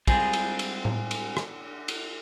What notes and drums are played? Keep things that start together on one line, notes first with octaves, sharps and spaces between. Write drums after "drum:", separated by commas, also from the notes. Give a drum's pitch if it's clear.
G3 G#3 C4 F4 G#4, drum: kick, cymbal
drum: cymbal
drum: cymbal
drum: tom A2
drum: cymbal
drum: rim click
drum: cymbal